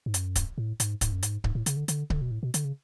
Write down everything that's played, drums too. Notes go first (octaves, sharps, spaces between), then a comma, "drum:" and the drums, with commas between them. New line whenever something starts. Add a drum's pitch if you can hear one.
G#2
F#2, drum: hi-hat
drum: kick C#1, hi-hat
A2
G#2, drum: hi-hat
G#2, drum: kick C#1, hi-hat
F#2
G#2, drum: hi-hat
G#2, drum: kick C#1
A2
C#3, drum: hi-hat
D3
D3, drum: hi-hat
D3, drum: kick C#1
B2
A2
B2
D3, drum: hi-hat
C#3